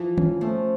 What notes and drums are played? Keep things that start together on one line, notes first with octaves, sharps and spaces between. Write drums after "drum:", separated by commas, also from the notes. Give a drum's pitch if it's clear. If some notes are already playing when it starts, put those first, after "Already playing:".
Already playing: E3 F3
C#4, drum: tom D#3
F3 A3